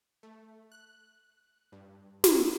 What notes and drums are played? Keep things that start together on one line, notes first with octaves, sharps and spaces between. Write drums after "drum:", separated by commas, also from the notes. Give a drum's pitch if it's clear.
A3
F#6
G2
drum: snare